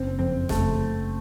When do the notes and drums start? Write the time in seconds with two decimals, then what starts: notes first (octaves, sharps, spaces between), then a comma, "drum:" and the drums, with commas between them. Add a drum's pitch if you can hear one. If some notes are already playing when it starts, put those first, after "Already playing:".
Already playing: F#1 C4
0.19 F2 C4
0.49 F#1 A3, drum: snare
0.79 F#1